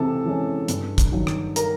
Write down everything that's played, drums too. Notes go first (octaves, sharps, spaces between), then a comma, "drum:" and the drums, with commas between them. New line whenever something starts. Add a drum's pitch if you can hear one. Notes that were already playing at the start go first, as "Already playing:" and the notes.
Already playing: C3 E3 G#3 A4 A5
E3 G#3 C#4
G2, drum: hi-hat
drum: kick, hi-hat
D#3 F#3
drum: rim click
A#4 A#5, drum: hi-hat